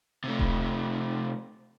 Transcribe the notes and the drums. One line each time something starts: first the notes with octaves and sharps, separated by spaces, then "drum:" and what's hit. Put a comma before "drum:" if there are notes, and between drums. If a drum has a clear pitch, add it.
C3 A3
drum: kick D#1